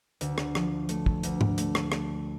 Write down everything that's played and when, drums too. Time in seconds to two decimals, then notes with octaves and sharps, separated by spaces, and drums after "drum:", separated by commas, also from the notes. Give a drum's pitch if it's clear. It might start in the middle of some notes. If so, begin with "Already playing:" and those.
0.21 D2, drum: hi-hat
0.38 drum: rim click
0.55 F3, drum: rim click
0.89 A3, drum: hi-hat
1.06 drum: kick
1.23 D2, drum: hi-hat
1.41 drum: tom G#2
1.58 A3, drum: hi-hat
1.75 drum: rim click
1.92 A3, drum: rim click